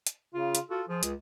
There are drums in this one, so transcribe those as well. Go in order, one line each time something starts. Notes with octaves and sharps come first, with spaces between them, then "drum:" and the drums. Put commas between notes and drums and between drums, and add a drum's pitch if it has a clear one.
drum: hi-hat
C#3 F4
drum: hi-hat
F4 F#4 A4
F3 G#4
C#2, drum: hi-hat